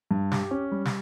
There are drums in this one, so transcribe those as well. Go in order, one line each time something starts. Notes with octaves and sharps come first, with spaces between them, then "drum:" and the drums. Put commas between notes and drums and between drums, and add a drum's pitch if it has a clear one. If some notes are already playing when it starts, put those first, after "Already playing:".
G2
G4, drum: snare
C#4
G3
drum: snare